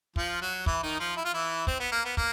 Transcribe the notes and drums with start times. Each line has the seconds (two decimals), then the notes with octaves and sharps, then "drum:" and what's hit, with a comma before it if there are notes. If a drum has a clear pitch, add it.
0.16 F3 F4, drum: kick
0.41 F#3 F#4
0.66 E3 E4, drum: kick
0.83 D#3 D#4
0.99 F3 F4
1.16 E4
1.25 F4
1.34 E3 E4
1.67 C4, drum: kick
1.79 B3
1.92 A#3
2.05 B3
2.17 A#3, drum: kick